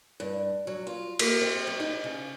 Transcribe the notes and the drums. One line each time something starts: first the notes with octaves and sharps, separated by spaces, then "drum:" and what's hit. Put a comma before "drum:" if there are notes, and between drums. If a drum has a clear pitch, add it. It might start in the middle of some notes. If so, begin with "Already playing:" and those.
G2
F#3
F4
A#3, drum: cymbal
C4
F#3
D#4
C#3